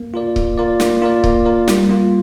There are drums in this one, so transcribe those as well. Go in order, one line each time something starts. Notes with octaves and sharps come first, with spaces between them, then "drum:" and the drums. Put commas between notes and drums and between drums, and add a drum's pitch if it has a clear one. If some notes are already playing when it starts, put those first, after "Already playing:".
Already playing: A#3
F4 A#4 D5
A#3, drum: kick C#1
F4 A#4 D5
A#3, drum: snare
F4 A#4 D5
A#3, drum: kick C#1
F4 A#4 D5
G3, drum: snare
A#3 F4